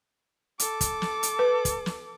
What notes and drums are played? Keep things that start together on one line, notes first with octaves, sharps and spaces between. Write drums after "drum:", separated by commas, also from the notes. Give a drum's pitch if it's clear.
A4 D6, drum: hi-hat
drum: kick, hi-hat
drum: snare
drum: hi-hat
B4
drum: kick, hi-hat
drum: snare